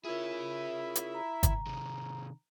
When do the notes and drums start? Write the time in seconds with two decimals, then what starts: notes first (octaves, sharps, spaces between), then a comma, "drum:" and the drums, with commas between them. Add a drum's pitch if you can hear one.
0.05 E4 F4 G#4 A#4 C#5 E5
0.95 drum: hi-hat
1.14 A#5
1.43 drum: kick, hi-hat
1.66 C3 D#3